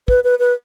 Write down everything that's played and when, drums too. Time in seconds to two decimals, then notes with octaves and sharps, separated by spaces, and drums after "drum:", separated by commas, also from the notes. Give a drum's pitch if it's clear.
0.08 B4, drum: kick
0.24 B4
0.39 B4